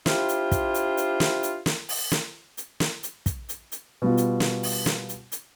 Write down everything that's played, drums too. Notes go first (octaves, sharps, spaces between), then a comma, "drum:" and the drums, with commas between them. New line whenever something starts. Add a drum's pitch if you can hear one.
D4 E4 F4 G4 C5, drum: snare
drum: hi-hat
drum: kick, hi-hat
drum: hi-hat
drum: hi-hat
drum: snare
drum: hi-hat
drum: snare
drum: open hi-hat
drum: snare
drum: hi-hat
drum: snare
drum: hi-hat
drum: kick, hi-hat
drum: hi-hat
drum: hi-hat
B2 G3 F4
drum: hi-hat
drum: snare
drum: open hi-hat
drum: snare
drum: hi-hat
drum: hi-hat